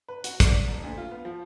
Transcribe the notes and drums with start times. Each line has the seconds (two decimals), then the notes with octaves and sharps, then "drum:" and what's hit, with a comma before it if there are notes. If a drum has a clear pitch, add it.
0.08 B4
0.24 F#4, drum: hi-hat
0.40 D5, drum: kick, hi-hat
0.52 B6
0.67 D#1
0.83 D2
0.98 F4
1.11 B3
1.25 F3